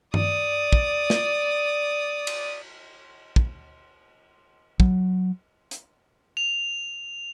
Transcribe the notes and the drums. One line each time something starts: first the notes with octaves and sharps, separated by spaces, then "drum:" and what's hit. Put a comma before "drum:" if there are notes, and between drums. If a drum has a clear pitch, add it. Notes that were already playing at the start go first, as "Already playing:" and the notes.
D5 D#6, drum: tom G2
drum: kick
drum: snare
drum: cymbal
drum: kick
F#3, drum: kick
drum: hi-hat
F7